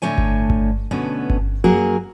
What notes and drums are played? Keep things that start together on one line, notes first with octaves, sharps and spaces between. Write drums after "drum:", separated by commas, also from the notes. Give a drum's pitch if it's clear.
A2 D3 A3 C#5 G#5
drum: kick G1
drum: kick G1
B2 D3 A3 B3 C#4
drum: kick G1
F#2 F#3 A#3 F#4 G#4 A#4